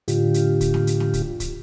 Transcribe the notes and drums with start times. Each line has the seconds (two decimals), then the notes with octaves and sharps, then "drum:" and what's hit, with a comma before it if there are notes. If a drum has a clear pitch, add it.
0.08 A2 D3 F4 G4, drum: hi-hat
0.34 drum: hi-hat
0.61 drum: kick, hi-hat
0.74 drum: snare
0.87 drum: hi-hat
1.00 drum: snare
1.13 drum: kick, hi-hat
1.40 drum: kick, hi-hat